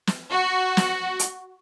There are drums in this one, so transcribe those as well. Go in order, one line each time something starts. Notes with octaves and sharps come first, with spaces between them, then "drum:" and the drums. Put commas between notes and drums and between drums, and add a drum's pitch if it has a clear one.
drum: snare
F#4
drum: snare
drum: hi-hat